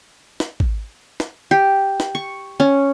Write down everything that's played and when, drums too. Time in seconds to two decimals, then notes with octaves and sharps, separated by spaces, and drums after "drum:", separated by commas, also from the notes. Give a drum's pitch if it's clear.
0.40 drum: snare
0.60 drum: kick G#1
1.20 drum: snare
1.51 G4
2.00 drum: snare
2.15 C#6
2.60 C#4